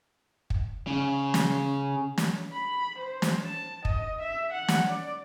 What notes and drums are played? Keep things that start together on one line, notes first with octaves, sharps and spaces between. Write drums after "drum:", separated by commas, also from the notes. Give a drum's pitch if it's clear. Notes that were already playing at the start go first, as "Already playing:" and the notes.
drum: kick
C#3
drum: snare
drum: snare
B5
C5
drum: snare
A5
D#5, drum: kick
E5
F#5
drum: snare
D5